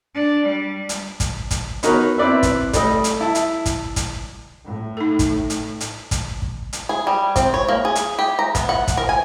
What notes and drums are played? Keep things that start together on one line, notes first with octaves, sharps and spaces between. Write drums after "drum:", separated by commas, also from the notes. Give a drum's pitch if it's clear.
D4
G3
drum: hi-hat
drum: kick, hi-hat
drum: kick, hi-hat
B3 D#4 F#4 A#4 B4 C#5, drum: hi-hat
C4 E4 B4 D5 E5
drum: kick, hi-hat
G3 A3 D#5, drum: kick, hi-hat
drum: hi-hat
E4 A5
drum: hi-hat
drum: kick, hi-hat
drum: kick, hi-hat
A2
D#4 A4
drum: kick, hi-hat
drum: hi-hat
drum: hi-hat
drum: kick, hi-hat
drum: kick
drum: hi-hat
G#4
G3
C4, drum: kick, hi-hat
C#5
A#3
G#4
drum: hi-hat
G4
A#5
B3, drum: kick, hi-hat
F#5
drum: kick, hi-hat
A#4
G#5